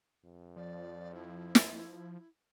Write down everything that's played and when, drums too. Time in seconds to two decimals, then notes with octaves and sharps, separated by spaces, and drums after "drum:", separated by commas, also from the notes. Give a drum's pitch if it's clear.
0.24 F2
0.56 F3 D5
1.14 E4
1.55 drum: snare